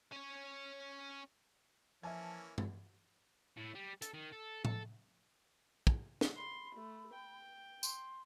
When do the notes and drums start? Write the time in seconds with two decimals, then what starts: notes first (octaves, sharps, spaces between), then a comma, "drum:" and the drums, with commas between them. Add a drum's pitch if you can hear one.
0.12 C#4 C#5
2.03 E3 F3 A#3 C#4 E5 G#5 A5
2.58 drum: tom G2
3.57 A2
3.75 G3
4.02 A4, drum: hi-hat
4.14 D#3
4.32 A4
4.65 A4, drum: tom A2
5.87 drum: kick
6.21 drum: snare
6.37 B5 C6
6.74 A3
7.13 G5
7.83 C6, drum: tambourine